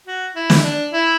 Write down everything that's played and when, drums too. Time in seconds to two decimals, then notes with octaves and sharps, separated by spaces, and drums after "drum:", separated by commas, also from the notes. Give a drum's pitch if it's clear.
0.07 F#4
0.36 E4
0.50 drum: snare
0.64 D4
0.93 E4